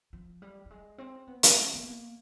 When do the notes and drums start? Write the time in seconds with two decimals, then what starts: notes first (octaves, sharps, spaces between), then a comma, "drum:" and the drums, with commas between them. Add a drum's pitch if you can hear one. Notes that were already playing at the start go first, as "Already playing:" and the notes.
0.13 F3
0.42 G3
0.66 G3
0.71 G#3
0.98 C4
1.27 B3
1.43 drum: hi-hat
1.55 A3
1.74 B3
1.84 A#3